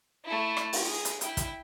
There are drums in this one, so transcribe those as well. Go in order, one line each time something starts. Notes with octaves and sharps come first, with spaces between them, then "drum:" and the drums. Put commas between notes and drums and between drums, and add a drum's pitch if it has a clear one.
A3 E4
drum: rim click
drum: open hi-hat
G#4
drum: hi-hat
E4 G5, drum: hi-hat
drum: kick, hi-hat